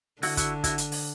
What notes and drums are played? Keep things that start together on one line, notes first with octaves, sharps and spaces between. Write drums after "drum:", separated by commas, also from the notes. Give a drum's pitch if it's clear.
D3 E4 F#4, drum: open hi-hat
E4 F#4, drum: kick, hi-hat
E4 F#4, drum: kick, hi-hat
drum: hi-hat
drum: open hi-hat